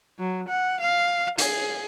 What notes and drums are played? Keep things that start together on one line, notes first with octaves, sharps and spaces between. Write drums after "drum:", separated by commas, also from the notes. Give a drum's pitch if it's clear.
F#3
F#5
F5
G#4, drum: hi-hat